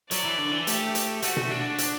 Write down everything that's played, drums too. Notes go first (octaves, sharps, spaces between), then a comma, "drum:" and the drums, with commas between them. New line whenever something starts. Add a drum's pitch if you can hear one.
F#3 D5, drum: hi-hat
E3
D3
E3
A3 G4, drum: hi-hat
drum: hi-hat
A3 F#4, drum: hi-hat
drum: tom B2
D4
drum: hi-hat